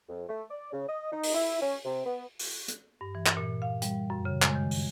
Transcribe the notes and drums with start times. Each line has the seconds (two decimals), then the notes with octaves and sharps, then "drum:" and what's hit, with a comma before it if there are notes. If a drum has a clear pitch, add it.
0.09 F2
0.29 A3
0.50 D5
0.72 C#3
0.88 D#5
1.12 D#4
1.23 drum: open hi-hat
1.35 E4
1.61 C#4
1.85 C3
2.06 B3
2.39 drum: open hi-hat
2.68 drum: hi-hat
3.01 G2
3.15 E3
3.26 drum: clap
3.37 A#2
3.62 F5
3.82 G3, drum: hi-hat
4.10 F#2
4.25 C#3
4.42 G#3, drum: clap
4.55 D#3
4.71 drum: open hi-hat